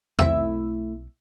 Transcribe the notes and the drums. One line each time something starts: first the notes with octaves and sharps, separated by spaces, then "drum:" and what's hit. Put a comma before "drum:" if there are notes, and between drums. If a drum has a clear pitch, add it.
B1 A3 C4 E4 E5, drum: tom E2